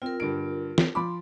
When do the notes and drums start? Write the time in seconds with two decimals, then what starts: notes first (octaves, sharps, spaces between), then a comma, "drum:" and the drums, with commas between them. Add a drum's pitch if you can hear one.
0.02 C4 F4 A#4
0.20 G2 D3 D7
0.78 drum: snare
0.95 F3 B5 C6 D6